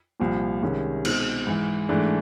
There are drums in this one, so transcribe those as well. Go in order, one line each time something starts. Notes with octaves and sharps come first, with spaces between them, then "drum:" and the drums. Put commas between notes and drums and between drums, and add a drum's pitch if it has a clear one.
C2 A#2 F3
C2 C3 D#3 G#3 C#4
B2 G#3 C4 D#4, drum: cymbal
G#2 E3 G#3
G#2 E3 A3 D4